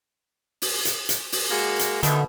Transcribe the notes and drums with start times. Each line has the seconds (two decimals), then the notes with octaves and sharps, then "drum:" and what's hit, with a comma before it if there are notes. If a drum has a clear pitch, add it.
0.62 drum: open hi-hat
0.85 drum: hi-hat
1.09 drum: hi-hat
1.32 drum: open hi-hat
1.51 G#3 A#3 F#4
1.79 drum: hi-hat
2.03 B2 D3 D#3 A3, drum: hi-hat